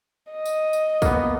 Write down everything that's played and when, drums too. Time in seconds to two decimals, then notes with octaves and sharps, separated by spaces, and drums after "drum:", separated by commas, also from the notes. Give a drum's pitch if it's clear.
0.32 D#5
0.45 drum: tambourine
0.73 drum: tambourine
1.02 A#3 B3, drum: kick, tambourine